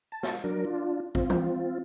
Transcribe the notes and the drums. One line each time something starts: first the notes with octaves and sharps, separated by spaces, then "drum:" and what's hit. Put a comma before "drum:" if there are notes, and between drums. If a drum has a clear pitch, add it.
A5
drum: snare
F#3 D4 A#4
D4 F4
C4 F4, drum: kick A1
drum: tom E3